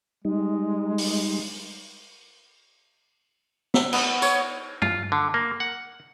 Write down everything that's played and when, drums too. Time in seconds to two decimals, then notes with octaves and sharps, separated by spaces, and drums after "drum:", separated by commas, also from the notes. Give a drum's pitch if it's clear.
0.25 G3 G#3 D#4
0.98 drum: open hi-hat
3.74 E5, drum: snare
3.93 B3, drum: cymbal
4.22 C#5, drum: tambourine
4.82 F4, drum: tom
5.12 D3
5.34 A#3
5.60 F#5